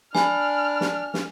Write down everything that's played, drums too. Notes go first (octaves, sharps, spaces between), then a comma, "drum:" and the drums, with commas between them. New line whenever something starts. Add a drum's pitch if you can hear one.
D4 G#5 B5 F6, drum: snare
drum: snare
drum: snare